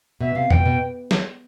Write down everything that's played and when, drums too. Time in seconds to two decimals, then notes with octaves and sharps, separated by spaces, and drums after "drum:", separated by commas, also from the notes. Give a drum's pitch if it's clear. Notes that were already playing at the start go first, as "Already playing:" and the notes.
0.20 B2 E5
0.35 C3 F5
0.51 B2 G5, drum: tom F2
0.66 B2
1.11 drum: snare